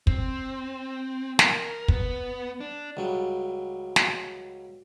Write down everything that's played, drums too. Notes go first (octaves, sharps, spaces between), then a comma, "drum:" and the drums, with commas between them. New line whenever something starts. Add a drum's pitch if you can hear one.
C4, drum: kick
A#4, drum: snare
B3, drum: kick
D4
C#2 F#3 G3
drum: snare